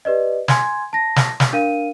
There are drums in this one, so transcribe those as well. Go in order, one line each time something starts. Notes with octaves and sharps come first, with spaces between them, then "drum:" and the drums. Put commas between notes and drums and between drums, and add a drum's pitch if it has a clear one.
G4 B4 D5 D#5
G#5 C6 G#6, drum: snare
A5 A#6
drum: snare
drum: snare
D4 A#4 F5 D#7